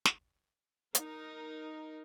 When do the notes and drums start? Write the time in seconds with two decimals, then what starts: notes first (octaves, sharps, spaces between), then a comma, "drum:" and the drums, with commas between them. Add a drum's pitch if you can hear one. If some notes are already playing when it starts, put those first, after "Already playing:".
0.05 drum: snare
0.95 D#4 A#4, drum: hi-hat